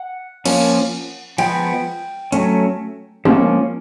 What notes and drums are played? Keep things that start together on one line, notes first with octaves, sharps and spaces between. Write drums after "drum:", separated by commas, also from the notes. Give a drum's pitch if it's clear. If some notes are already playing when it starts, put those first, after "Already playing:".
Already playing: F#5
F3 A#3 C#4, drum: cymbal
F3 G#3 B3 G5, drum: cymbal
F#3 A3 C#4, drum: hi-hat
F3 A#3 C#4, drum: tom